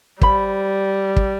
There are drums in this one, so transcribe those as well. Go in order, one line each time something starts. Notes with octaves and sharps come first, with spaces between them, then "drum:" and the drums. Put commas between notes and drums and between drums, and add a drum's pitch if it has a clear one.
G3 C5 B5, drum: kick
drum: kick